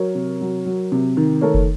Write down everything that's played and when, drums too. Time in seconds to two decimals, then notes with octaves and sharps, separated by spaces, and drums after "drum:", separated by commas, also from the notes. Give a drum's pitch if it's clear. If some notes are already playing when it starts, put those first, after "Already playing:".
Already playing: F#3 A#4 C#5
0.15 C3
0.41 F#3
0.65 F#3
0.92 C3
1.17 D#3
1.41 A3 A#4 C#5
1.54 drum: kick